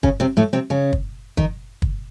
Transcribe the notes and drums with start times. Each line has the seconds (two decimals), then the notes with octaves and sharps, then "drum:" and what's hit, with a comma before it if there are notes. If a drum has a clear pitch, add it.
0.03 C#3 C#4, drum: kick
0.20 C3 C4
0.37 A2 A3
0.53 C3 C4
0.70 C#3 C#4
0.93 drum: kick
1.37 D#3 D#4, drum: kick
1.82 drum: kick